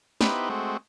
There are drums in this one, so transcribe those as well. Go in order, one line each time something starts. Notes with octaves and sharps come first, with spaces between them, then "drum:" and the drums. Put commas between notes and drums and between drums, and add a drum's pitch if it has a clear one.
B3 D#4 E4 G4 B4 C5, drum: snare
G#3 A3 C4 F#4